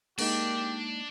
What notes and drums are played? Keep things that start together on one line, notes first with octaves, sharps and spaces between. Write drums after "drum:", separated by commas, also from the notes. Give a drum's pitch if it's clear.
G#3 A#3 D4 D#4 G4, drum: cymbal